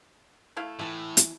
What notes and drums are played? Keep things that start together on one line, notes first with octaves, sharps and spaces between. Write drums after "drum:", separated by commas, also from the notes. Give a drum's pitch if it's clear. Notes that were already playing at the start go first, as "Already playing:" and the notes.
A3 E4 F5
A2 E3 A5
drum: hi-hat